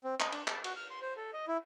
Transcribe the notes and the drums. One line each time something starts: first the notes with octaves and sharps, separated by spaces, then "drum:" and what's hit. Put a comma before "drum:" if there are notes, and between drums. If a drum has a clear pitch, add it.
C4
D#5, drum: clap
D4, drum: cymbal
A5, drum: clap
F#4, drum: cymbal
F6
C6
C5
A4
D#5
E4